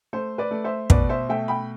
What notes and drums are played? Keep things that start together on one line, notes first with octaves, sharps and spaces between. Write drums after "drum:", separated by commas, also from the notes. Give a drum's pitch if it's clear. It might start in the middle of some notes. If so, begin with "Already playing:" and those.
A3 C5
B4 D5
A3
C5 E5
B2 B4 D5, drum: kick
C5 E5
A3 E5 G5
G5 B5